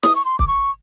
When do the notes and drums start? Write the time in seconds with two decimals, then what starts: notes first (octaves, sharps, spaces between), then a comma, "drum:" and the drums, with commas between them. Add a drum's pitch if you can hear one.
0.03 D#6, drum: snare
0.16 C#6
0.25 C6
0.39 D6, drum: kick
0.48 C#6